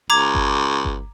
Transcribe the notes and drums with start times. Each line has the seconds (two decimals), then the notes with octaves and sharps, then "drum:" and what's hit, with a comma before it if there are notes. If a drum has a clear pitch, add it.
0.10 C#2 A#5 D6 G#6
0.35 drum: kick G1
0.85 drum: kick G1